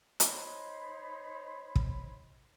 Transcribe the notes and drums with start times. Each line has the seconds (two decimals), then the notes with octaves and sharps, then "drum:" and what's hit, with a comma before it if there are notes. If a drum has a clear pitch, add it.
0.20 D#4 C5 C#5 B5, drum: hi-hat
1.76 drum: kick